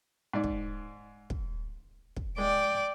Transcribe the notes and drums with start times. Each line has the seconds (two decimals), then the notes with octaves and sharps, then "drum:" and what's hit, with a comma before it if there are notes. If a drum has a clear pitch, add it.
0.33 G#2 D5
0.44 drum: kick
1.30 drum: kick
2.16 drum: kick
2.38 G#3 D5 G5